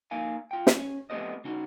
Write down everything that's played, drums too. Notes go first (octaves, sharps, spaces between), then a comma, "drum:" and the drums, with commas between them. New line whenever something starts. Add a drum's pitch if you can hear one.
A#3 D#4 F5 G#5
F4 G5
drum: snare
C#4
A3 B3 C4 G4 C5 D#5
C#3 D#4 F#4